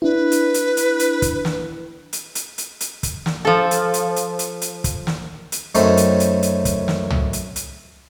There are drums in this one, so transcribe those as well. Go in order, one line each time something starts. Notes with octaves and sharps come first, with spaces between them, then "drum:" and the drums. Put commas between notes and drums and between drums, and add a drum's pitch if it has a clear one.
D4 E4 B4
drum: hi-hat
drum: hi-hat
drum: hi-hat
drum: hi-hat
drum: kick, hi-hat
drum: snare
drum: hi-hat
drum: hi-hat
drum: hi-hat
drum: hi-hat
drum: kick, hi-hat
drum: snare
F3 A4
drum: hi-hat
drum: hi-hat
drum: hi-hat
drum: hi-hat
drum: hi-hat
drum: kick, hi-hat
drum: snare
drum: hi-hat
F#2 A3 C4 C#4 D#4, drum: hi-hat
drum: hi-hat
drum: hi-hat
drum: hi-hat
drum: kick, hi-hat
drum: snare
drum: tom
drum: hi-hat
drum: hi-hat